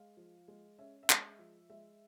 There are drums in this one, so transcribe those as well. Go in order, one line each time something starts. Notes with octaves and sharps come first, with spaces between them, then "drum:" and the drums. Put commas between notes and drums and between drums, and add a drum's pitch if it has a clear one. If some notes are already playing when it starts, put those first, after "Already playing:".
Already playing: G#3 F5
F3
G#3
C#4 E5
E5
G#3, drum: clap
F3
G#3 E5